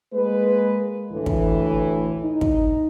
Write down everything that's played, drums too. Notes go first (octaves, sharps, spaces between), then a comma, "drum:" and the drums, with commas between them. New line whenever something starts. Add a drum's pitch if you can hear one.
G#3 A#3 B4
D2 A2 E3
drum: kick
D#4
drum: kick